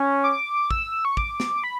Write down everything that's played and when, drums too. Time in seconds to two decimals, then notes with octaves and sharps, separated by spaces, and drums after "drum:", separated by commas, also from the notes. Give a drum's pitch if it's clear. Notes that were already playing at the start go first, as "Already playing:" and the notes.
Already playing: C#4
0.24 D6
0.71 E6, drum: kick
1.05 C#6
1.17 D6, drum: kick
1.40 drum: snare
1.64 B5